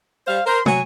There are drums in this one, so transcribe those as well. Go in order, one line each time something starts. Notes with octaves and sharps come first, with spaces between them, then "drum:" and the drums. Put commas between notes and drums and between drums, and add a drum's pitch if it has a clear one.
G3 C5 F5
A#4 C5 C6
F#3 G#5, drum: tom